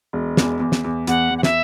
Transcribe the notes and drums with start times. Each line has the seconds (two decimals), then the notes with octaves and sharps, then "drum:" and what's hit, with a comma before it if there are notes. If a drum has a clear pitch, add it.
0.13 E1
0.37 E2, drum: snare
0.60 E2
0.72 drum: snare
0.84 E2
1.07 E2 F#5, drum: hi-hat
1.31 E2
1.38 F#5
1.43 E5, drum: snare